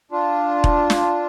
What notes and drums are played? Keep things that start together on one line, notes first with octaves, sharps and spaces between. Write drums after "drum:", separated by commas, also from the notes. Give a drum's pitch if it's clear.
D4 F4
drum: kick E1
drum: snare